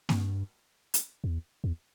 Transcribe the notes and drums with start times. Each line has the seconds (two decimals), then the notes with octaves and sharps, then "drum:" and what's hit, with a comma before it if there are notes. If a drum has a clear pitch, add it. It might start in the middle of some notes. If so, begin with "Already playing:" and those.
0.09 G2, drum: snare A#3
0.94 drum: hi-hat
1.24 E2
1.64 E2